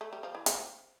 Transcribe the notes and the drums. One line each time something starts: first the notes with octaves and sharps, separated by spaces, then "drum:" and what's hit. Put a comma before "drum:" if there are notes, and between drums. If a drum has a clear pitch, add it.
A3
G3
F3
E3
F3, drum: hi-hat